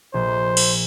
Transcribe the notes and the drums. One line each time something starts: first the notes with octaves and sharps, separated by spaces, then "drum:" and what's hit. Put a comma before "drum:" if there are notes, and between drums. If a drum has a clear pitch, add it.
A#1 C5
drum: cymbal